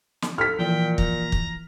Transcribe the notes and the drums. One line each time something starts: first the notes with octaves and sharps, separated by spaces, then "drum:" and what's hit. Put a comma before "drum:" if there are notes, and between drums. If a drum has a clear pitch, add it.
drum: snare
A4 F6 B6
A#2 E3 F3 G5
A#5, drum: kick
drum: kick